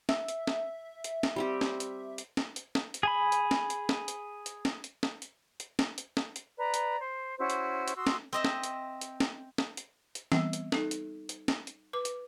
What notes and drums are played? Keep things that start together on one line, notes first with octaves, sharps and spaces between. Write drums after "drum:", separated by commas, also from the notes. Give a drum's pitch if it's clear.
E5, drum: snare
drum: hi-hat
drum: snare
drum: hi-hat
drum: snare
G3 C4 G4
drum: snare
drum: hi-hat
drum: hi-hat
drum: snare
drum: hi-hat
drum: snare
drum: hi-hat
G#4 G#5 B5
drum: hi-hat
drum: snare
drum: hi-hat
drum: snare
drum: hi-hat
drum: hi-hat
drum: snare
drum: hi-hat
drum: snare
drum: hi-hat
drum: hi-hat
drum: snare
drum: hi-hat
drum: snare
drum: hi-hat
B4 D5 A#5
drum: hi-hat
C5
C#4 E4 F#4 C5
drum: hi-hat
drum: hi-hat
F#4 C6 D#6 E6
drum: snare
C4 D#5 E5
drum: snare
drum: hi-hat
drum: hi-hat
drum: snare
drum: snare
drum: hi-hat
drum: hi-hat
E3 G3 B3 C4, drum: snare
drum: hi-hat
D#4 A4, drum: snare
drum: hi-hat
drum: hi-hat
drum: snare
drum: hi-hat
B4 D6
drum: hi-hat